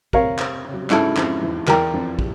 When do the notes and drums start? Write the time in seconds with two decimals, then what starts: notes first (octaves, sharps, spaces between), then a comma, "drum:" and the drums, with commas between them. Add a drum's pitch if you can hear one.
0.13 C3 C4 A#4 C#5 F5, drum: kick
0.39 C3 C4, drum: clap
0.64 C#3 C#4
0.73 F#3
0.81 G3
0.90 G#2 G#3 C#4 E4 A4, drum: clap
1.16 F2 F3, drum: clap
1.42 E2 E3
1.67 E2 E3 A#4 D5 G5 A#5, drum: clap
1.93 F2 F3
2.19 G3, drum: kick